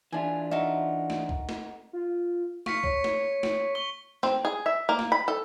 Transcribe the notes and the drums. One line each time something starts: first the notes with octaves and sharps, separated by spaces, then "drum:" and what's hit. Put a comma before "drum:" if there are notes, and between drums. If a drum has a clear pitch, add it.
E3 D4 E4 F4 G#5
D#4 F#4 A#4 E5
drum: snare
drum: kick
drum: snare
F4
F5 C#6 B6 C#7, drum: snare
C#5, drum: kick
drum: snare
drum: snare
C#6 G7
C4, drum: snare
G#4
E5
A#3
drum: snare
B5
A4